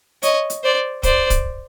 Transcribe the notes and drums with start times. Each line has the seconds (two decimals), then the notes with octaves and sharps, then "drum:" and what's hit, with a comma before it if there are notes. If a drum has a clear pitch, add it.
0.23 C#5 D#5, drum: hi-hat
0.50 drum: hi-hat
0.63 C5 D5
1.03 C5 D5, drum: kick, hi-hat
1.30 drum: kick, hi-hat